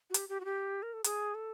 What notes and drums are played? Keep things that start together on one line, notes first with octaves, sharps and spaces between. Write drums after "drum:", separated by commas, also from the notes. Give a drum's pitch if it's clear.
F#4
G4, drum: hi-hat
G4
F#4
G4
A#4
A4
G#4, drum: hi-hat
A4